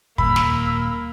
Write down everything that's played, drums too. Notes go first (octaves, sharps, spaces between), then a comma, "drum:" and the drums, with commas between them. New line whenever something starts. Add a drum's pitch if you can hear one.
D#1 A#3 B5 E6, drum: kick
drum: snare